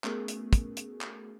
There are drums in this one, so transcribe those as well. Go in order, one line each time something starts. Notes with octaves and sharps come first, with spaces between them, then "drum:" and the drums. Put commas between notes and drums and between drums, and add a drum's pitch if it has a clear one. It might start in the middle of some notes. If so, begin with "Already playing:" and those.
A3 B3 C#4 F#4 G#4 A#4, drum: clap
drum: hi-hat
drum: kick, hi-hat
drum: hi-hat
drum: clap